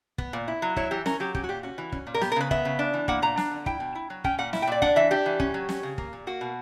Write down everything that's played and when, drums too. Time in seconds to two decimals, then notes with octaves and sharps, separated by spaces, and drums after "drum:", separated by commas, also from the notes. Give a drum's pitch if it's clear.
0.18 B3, drum: kick
0.33 A#2
0.48 E4
0.62 F#3
0.76 E4 C#5, drum: kick
0.91 E3 G4
1.06 C#4 A#4, drum: snare
1.20 F#3 G4
1.35 C#4 G4, drum: kick
1.44 F#4
1.49 A#2 G4
1.63 C#4 F#4
1.78 E3
1.92 C#4, drum: kick
2.07 A#2
2.14 A#4
2.21 B3 G4, drum: snare
2.32 A#4
2.36 C#3 B4
2.51 B3 E5, drum: kick
2.65 C#3
2.79 D4
2.94 E3
3.08 A#3 F#5, drum: kick
3.22 A#2 A#5
3.37 D4, drum: snare
3.51 D3
3.66 E4 G5, drum: kick
3.80 B2
3.95 E4
4.10 F#3
4.24 C#4 G5, drum: kick
4.38 A#2 F#5
4.53 E4, drum: snare
4.62 G5
4.67 A#2 D5
4.82 D4 F#5, drum: kick
4.96 E3 E5
5.11 D4 G4
5.26 E3
5.40 C#4, drum: kick
5.54 F#3
5.69 C#4, drum: snare
5.83 C#3
5.98 A#3, drum: kick
6.13 A#2
6.27 A#3 F#4
6.41 B2